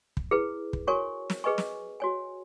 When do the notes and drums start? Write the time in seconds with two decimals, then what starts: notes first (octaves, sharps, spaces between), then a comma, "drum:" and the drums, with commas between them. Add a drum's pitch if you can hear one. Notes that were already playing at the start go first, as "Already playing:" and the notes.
0.17 drum: kick
0.31 E4 G#4 B4
0.73 drum: kick
0.87 F#4 A#4 C#5 G#5 C#6
1.30 drum: snare
1.44 G#4 B4 D#5 G#5 C#6
1.58 drum: snare
2.00 F#4 C#5 G#5